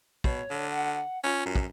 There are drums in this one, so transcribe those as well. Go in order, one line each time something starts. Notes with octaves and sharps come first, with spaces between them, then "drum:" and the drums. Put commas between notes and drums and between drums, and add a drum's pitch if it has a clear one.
B2 C#5, drum: kick
D3
F#5
C#4 F4
F#2
drum: kick